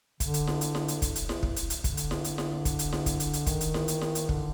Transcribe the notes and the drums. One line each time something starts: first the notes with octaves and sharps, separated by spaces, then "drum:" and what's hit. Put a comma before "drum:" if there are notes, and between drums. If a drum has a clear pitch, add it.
D3, drum: kick, hi-hat
drum: hi-hat
drum: snare E4
drum: hi-hat
drum: snare E4
drum: hi-hat
drum: kick, hi-hat
drum: hi-hat
drum: snare E4
drum: kick
drum: hi-hat
drum: hi-hat
D3, drum: kick, hi-hat
drum: hi-hat
drum: snare E4
drum: hi-hat
drum: snare E4
drum: kick, hi-hat
drum: hi-hat
drum: snare E4
drum: kick, hi-hat
drum: hi-hat
drum: hi-hat
D#3, drum: kick, hi-hat
drum: hi-hat
drum: snare E4
drum: hi-hat
drum: snare E4
drum: hi-hat
D3, drum: kick